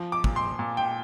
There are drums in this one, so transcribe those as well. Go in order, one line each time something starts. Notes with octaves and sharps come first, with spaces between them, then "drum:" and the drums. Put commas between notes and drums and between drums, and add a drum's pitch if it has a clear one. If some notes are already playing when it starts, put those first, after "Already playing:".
Already playing: F3
D6
A#2, drum: kick
C6
A#2
G5